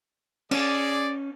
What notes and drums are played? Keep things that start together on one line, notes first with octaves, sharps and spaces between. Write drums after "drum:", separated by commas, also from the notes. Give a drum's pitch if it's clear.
C#4 G#4 D5, drum: cymbal